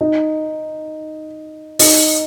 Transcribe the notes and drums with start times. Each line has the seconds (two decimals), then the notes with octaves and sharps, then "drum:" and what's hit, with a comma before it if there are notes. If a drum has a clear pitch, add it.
0.01 D#4
1.79 D#4, drum: open hi-hat